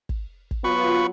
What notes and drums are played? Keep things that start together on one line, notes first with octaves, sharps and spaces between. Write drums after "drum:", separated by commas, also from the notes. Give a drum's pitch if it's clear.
drum: kick
drum: kick
F#3 B3 F4 B4 C#6